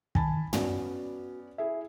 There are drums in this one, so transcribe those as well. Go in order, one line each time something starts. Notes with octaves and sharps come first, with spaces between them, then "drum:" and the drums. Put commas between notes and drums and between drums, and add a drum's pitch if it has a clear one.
D#3 G#5 A5 B5, drum: kick
B3 C#4 F#4 D5, drum: tom
E4 G#4 E5